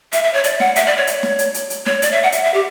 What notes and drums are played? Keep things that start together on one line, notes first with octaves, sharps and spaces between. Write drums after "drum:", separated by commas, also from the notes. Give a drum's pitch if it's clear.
E5, drum: hi-hat
E5
C#5
D5, drum: hi-hat
F#5, drum: snare
E5, drum: hi-hat
D5
C#5
drum: hi-hat
drum: snare
drum: hi-hat
drum: hi-hat
drum: hi-hat
C#5, drum: snare
D5, drum: hi-hat
E5
F#5
E5, drum: hi-hat
E5
G4